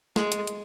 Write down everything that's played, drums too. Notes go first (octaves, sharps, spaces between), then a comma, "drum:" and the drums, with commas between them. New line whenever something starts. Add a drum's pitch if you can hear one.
G#3, drum: snare
drum: hi-hat
drum: hi-hat